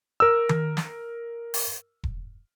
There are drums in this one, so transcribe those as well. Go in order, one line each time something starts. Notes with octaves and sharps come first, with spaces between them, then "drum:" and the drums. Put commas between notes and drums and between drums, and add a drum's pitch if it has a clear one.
A#4 E6
drum: tom D#3
drum: snare
drum: open hi-hat
drum: kick E1